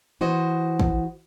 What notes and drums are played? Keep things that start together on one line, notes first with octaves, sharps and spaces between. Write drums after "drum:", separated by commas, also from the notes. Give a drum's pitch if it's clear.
E3 F#4 C5 D#5
drum: kick